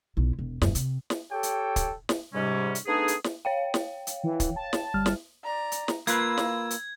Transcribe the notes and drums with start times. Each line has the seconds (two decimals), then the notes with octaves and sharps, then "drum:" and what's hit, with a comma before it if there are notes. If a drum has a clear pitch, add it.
0.17 B1 E4
0.39 E1
0.62 D#1 F#2, drum: snare
0.75 C3, drum: hi-hat
1.10 drum: snare
1.31 G4 A4 C#5 G5
1.43 drum: hi-hat
1.76 drum: kick, hi-hat
2.09 drum: snare
2.34 G#2 C3 G3 C#4
2.75 drum: hi-hat
2.87 A3 B3 D4 D#4 G#4
3.08 drum: hi-hat
3.24 drum: snare
3.45 C#5 F5 G5
3.74 drum: snare
4.07 drum: hi-hat
4.24 E3
4.40 drum: kick, hi-hat
4.56 A5
4.73 drum: snare
4.94 G1 G3 F6
5.06 drum: snare
5.45 D5 A#5
5.72 drum: hi-hat
5.88 drum: snare
6.07 A#3 F4 B4 B5 E6 G#6, drum: hi-hat
6.38 drum: snare
6.70 drum: hi-hat